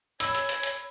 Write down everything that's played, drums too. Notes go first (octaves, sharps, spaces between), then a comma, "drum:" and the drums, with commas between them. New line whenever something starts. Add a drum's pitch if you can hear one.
C#5 G#5 B5 E6, drum: hi-hat
drum: hi-hat
drum: hi-hat
drum: hi-hat